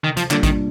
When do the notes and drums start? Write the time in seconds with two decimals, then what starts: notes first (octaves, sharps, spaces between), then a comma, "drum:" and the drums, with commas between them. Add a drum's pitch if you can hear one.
0.04 C3 D#3
0.17 F3, drum: hi-hat
0.31 D3 G3 A#3 D4 F4, drum: clap
0.43 D#3, drum: kick A1, hi-hat